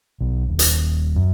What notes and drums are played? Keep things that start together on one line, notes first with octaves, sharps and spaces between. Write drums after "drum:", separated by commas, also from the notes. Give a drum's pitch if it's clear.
B1
D#1
drum: hi-hat
F#2